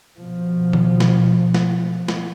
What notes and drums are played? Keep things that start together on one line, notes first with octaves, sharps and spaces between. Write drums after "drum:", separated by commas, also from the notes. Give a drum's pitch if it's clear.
B2 F3
drum: tom D#3
drum: snare
drum: snare
drum: snare